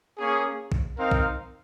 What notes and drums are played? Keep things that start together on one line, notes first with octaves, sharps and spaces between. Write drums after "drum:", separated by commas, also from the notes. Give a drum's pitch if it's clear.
A#3 C#4 G#4
drum: kick
C4 D#4 A#4 F5
drum: kick